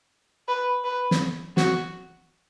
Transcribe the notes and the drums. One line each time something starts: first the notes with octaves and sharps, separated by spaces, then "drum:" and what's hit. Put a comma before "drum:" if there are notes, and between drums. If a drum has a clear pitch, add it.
B4
B4
drum: snare
F#4, drum: snare